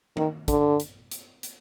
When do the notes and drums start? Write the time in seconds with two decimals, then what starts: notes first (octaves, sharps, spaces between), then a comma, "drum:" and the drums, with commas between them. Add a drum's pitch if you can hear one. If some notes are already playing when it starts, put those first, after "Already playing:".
0.17 D#3, drum: tom D#3
0.48 D3, drum: kick, hi-hat
0.80 drum: hi-hat
1.11 drum: hi-hat
1.43 drum: hi-hat